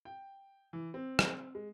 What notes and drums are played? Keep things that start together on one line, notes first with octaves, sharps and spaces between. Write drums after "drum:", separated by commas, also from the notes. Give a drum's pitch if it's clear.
G5
E3
C4
drum: rim click
G#3